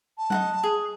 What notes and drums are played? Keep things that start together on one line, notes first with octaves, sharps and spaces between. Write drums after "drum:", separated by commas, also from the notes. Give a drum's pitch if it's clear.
A5
D#4 F#4 F#5, drum: tom F#3
G#4